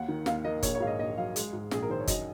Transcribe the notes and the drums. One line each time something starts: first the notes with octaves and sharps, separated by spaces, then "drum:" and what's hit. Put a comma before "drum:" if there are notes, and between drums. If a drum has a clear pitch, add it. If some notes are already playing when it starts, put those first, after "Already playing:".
Already playing: D#2 F#5
D#3
D#2 F5, drum: snare
A#3 D#5
A#1 C#5, drum: kick F#1, hi-hat
C#5
G#2 F5
D#5
A#1 D#5
F#3 F5
G#3, drum: hi-hat
G#2
A#1 G#4, drum: snare
A#4
D#3 C5
C#5
F#2 D#5, drum: kick F#1, hi-hat